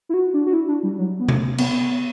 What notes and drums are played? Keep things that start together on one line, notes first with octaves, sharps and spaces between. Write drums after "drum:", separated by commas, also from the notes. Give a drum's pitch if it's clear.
E4
F#4
D4
F#4
E4
D4
G3
F#3
B3
A3, drum: tom
B3, drum: cymbal
B3